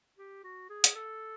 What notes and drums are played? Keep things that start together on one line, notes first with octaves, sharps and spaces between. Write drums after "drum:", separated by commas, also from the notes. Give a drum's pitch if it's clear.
G4
F#4
G#4
drum: hi-hat
A4